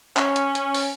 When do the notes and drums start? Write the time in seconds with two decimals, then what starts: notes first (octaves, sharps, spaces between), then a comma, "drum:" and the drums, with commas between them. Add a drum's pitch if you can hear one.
0.17 C#4, drum: clap
0.36 drum: hi-hat
0.55 drum: hi-hat
0.74 drum: open hi-hat